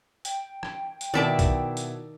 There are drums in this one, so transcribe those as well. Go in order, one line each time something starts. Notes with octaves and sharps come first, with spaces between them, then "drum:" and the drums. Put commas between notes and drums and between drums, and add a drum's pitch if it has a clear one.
G5, drum: hi-hat
drum: rim click
drum: hi-hat
B2 D#3 E4 D5 E5 A5 D7
drum: kick, hi-hat
drum: hi-hat